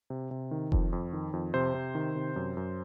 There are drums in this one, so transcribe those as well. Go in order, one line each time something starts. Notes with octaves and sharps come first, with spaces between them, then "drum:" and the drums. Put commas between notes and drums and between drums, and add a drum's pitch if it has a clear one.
C3
C3
D#3
F2, drum: kick F1
F2
D#3
F2
C3 C5
C3
D#3
C3
F#2
F#2